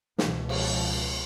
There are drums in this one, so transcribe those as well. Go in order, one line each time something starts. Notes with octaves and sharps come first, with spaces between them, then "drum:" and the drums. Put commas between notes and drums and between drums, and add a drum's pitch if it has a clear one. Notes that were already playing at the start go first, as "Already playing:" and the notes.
C#2 B2 E3, drum: snare
F3, drum: cymbal